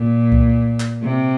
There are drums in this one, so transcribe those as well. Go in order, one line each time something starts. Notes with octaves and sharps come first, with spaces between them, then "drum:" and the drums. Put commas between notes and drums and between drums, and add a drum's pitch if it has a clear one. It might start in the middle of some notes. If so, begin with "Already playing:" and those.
Already playing: A#2
drum: kick C2
drum: clap
C3